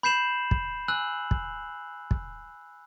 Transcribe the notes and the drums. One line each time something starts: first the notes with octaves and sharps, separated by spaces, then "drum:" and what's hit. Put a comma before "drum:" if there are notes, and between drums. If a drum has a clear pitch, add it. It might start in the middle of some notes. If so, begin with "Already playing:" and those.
B5 G6 C7 E7 F#7
drum: kick
G#5 E6 F#6 F#7
drum: kick
drum: kick